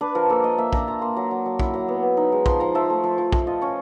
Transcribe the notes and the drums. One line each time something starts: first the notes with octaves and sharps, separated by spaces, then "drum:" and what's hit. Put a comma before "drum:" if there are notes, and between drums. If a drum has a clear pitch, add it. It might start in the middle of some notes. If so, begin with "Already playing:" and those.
D4 B4
F3 A#4
A#3 A4
A#3 D#5
A#3 E5
D4 A#5, drum: kick
F4 A#5
A#3 C6
F#3 A#5
F#3
F#3
E4, drum: kick
F#3 A#5
B3
B3
D#4
G#3
F3 C6, drum: kick
F3 A#5
F3 E5
A3
F3
F3
A3, drum: kick
F4 D#5
C#4 C#5